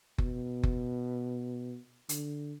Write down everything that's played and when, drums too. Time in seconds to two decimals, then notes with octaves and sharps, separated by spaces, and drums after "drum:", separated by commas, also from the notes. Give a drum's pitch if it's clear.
0.18 B2, drum: kick F#1
0.63 drum: kick F#1
2.09 D3, drum: hi-hat